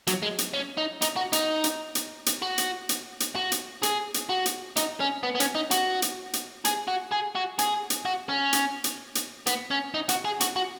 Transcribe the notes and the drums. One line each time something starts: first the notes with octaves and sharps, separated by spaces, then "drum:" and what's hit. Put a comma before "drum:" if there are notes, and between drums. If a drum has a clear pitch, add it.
F#3, drum: hi-hat
G#3
drum: hi-hat
C#4
D#4
D#4, drum: hi-hat
F#4
D#4, drum: hi-hat
drum: hi-hat
drum: hi-hat
drum: hi-hat
F#4
drum: hi-hat
drum: hi-hat
drum: hi-hat
F#4
drum: hi-hat
G#4, drum: hi-hat
drum: hi-hat
F#4
drum: hi-hat
D#4, drum: hi-hat
C#4
B3
B3
C#4, drum: hi-hat
D#4
F#4, drum: hi-hat
drum: hi-hat
drum: hi-hat
G#4, drum: hi-hat
F#4
G#4
F#4
G#4, drum: hi-hat
drum: hi-hat
F#4
C#4
drum: hi-hat
drum: hi-hat
drum: hi-hat
B3, drum: hi-hat
C#4
D#4
F#4, drum: hi-hat
G#4
F#4, drum: hi-hat
F#4